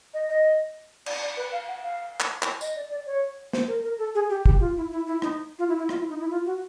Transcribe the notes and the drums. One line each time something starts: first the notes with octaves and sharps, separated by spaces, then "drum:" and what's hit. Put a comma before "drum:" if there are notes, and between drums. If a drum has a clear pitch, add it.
D#5
D#5
D5, drum: cymbal
D5
B4
F5
F#5
F5
drum: clap
drum: clap
D#5, drum: tambourine
D5
D5
C#5
C5, drum: snare
A#4
A#4
A4
G#4
G4
G4, drum: kick
F4
E4
E4
E4
D#4, drum: rim click
F4
E4
E4
F4, drum: rim click
E4
D#4
E4
F4
F#4